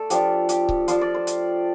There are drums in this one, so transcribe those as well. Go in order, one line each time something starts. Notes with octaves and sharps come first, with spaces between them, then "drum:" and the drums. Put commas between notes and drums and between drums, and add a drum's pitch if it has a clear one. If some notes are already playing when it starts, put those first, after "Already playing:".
Already playing: A3 A4 D5
F3 D4 F4 G4, drum: hi-hat
G4, drum: hi-hat
drum: kick C#1
F3 D4 F4 C5, drum: hi-hat
D5
C5
drum: hi-hat